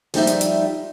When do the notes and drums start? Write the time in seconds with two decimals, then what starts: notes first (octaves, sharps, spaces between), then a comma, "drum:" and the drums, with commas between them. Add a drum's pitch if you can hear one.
0.14 F3 G3 D#4 E5, drum: open hi-hat
0.27 drum: hi-hat
0.41 drum: hi-hat